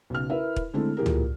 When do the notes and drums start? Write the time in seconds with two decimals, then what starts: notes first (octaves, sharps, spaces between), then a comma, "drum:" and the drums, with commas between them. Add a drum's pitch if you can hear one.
0.10 B1 C#3 F6
0.30 E4 A#4 B4 E5
0.56 drum: kick
0.74 D3 G#3 A3 C4 E4 A4
0.97 A#2 E3 G4 G#4 A#4
1.06 drum: tom C#2